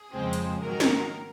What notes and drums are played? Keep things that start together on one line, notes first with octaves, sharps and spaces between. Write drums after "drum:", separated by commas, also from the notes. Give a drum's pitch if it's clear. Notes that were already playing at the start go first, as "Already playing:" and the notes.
Already playing: G#4
F2 C#3 F3 G#3 C4
drum: hi-hat
G#2 D#3 F#3 A#4
drum: snare